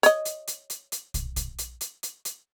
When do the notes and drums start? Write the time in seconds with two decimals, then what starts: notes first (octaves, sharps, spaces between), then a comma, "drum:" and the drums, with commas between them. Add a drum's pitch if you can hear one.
0.03 C#5 D#5, drum: hi-hat
0.25 drum: hi-hat
0.48 drum: hi-hat
0.70 drum: hi-hat
0.92 drum: hi-hat
1.14 drum: kick, hi-hat
1.36 drum: kick, hi-hat
1.59 drum: hi-hat
1.81 drum: hi-hat
2.03 drum: hi-hat
2.25 drum: hi-hat